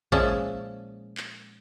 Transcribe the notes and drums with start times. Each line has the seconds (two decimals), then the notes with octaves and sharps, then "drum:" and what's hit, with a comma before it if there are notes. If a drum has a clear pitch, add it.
0.12 A#2 F3 G#3 C#4 E5 A5, drum: kick A1
1.17 drum: clap